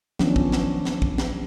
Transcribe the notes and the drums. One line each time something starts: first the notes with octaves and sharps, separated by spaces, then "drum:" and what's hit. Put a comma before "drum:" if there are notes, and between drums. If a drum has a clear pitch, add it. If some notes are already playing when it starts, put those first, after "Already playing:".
D#3 F3 F#3 B3 C#4 D4, drum: snare
drum: kick
drum: snare
drum: snare
drum: kick
drum: snare